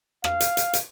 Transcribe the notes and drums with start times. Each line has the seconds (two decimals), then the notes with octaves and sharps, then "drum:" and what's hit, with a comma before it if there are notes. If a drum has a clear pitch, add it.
0.24 F5, drum: rim click
0.40 drum: hi-hat
0.57 drum: hi-hat
0.73 drum: hi-hat